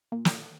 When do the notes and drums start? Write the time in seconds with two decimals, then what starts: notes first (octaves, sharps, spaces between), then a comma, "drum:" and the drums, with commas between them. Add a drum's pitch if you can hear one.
0.12 A#2
0.25 drum: snare